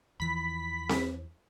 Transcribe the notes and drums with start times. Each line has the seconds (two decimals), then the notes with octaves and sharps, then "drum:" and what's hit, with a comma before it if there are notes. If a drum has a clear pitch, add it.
0.20 E2 E3 F3 B5 B6
0.89 drum: snare C4